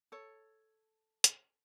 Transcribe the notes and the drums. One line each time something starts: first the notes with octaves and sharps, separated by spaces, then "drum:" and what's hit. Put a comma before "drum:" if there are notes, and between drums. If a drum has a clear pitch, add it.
A4 C#5
drum: hi-hat